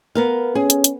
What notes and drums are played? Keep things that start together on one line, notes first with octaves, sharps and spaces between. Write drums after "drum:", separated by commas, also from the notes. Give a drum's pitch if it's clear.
B3 A#4 F5
C#4 G#4
drum: hi-hat
drum: hi-hat